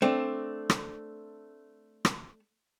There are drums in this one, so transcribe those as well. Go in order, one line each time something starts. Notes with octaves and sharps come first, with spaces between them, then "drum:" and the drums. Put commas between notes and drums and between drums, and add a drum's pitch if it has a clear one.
A3 C4 D4
drum: rim click
drum: rim click